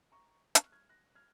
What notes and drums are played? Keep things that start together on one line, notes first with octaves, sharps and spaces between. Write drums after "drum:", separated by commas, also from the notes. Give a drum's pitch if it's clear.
A#5 C#6
C#6 F6, drum: hi-hat
F#6
F6 G#6
F#6 A#6
F6 G#6